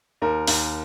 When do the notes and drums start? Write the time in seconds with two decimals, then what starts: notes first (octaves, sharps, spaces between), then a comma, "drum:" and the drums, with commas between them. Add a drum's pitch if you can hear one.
0.22 D#2 A#4
0.47 D#2, drum: open hi-hat